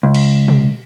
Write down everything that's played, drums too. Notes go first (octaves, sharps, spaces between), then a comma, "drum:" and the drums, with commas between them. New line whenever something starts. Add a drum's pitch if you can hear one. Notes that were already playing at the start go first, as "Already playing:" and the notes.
C#2
drum: cymbal
drum: tom